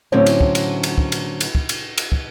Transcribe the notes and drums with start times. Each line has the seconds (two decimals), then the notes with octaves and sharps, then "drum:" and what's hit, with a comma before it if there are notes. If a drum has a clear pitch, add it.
0.12 A2 D3 F#3 C4 C#4
0.26 drum: cymbal
0.41 drum: kick
0.55 drum: cymbal
0.83 drum: cymbal
0.98 drum: kick
1.12 drum: cymbal
1.41 drum: cymbal
1.55 drum: kick
1.69 drum: cymbal
1.98 drum: cymbal
2.12 drum: kick